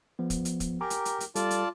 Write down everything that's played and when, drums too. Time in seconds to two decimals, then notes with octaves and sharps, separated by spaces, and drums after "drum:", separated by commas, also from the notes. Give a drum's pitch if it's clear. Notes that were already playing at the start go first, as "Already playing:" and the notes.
0.19 F3 B3
0.30 drum: kick, hi-hat
0.45 drum: hi-hat
0.60 drum: kick, hi-hat
0.81 G4 A#4 G#5 A#5 D6
0.90 drum: hi-hat
1.05 drum: hi-hat
1.20 drum: hi-hat
1.35 G3 F4 A4 D5 A5, drum: hi-hat
1.51 drum: hi-hat